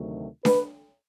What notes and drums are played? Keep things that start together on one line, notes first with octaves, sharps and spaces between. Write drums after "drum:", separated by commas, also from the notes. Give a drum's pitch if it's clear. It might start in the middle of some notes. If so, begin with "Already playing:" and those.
Already playing: D2 C3 D#3 F#3 A3
B4, drum: snare D4